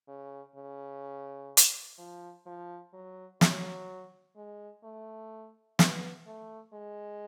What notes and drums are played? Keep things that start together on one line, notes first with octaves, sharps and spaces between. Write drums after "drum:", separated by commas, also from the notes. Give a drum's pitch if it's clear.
C#3
C#3
drum: hi-hat
F3
F3
F#3
F#3, drum: snare
G#3
A3
B3, drum: snare
A3
G#3